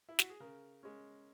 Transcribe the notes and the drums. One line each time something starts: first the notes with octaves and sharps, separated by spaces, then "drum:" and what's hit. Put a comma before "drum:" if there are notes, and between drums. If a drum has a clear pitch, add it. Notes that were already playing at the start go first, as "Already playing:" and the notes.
E4
F#4, drum: snare
G#4
C#3 A#4
G#3 C#4